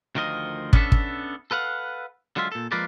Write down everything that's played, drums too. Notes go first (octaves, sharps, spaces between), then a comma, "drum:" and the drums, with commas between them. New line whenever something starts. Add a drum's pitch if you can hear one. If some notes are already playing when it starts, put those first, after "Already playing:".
D2 D#3 F3 A#4 D#5
B3 C#4 D4 G4 A4 E5, drum: kick
drum: kick
A4 B4 F5 F#5
D3 F#3 G#3 F4 E5
A#2 A4
F3 G#3 A#3 A#4 B4 D5